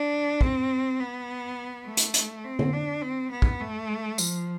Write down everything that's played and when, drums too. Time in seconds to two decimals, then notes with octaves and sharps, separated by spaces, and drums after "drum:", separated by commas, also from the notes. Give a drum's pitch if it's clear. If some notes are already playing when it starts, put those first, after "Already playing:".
Already playing: D4
0.41 C4, drum: kick
0.99 B3
1.86 A3
1.97 drum: hi-hat
2.14 drum: hi-hat
2.45 C4
2.59 drum: tom
2.73 D4
3.02 C4
3.31 B3
3.42 drum: kick
3.61 A3
4.18 F3, drum: tambourine